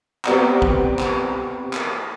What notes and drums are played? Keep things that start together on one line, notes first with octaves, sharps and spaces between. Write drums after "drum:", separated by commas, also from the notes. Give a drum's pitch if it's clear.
B3 C4 G4 D5 F#5 A#5, drum: clap
drum: kick
drum: clap
drum: clap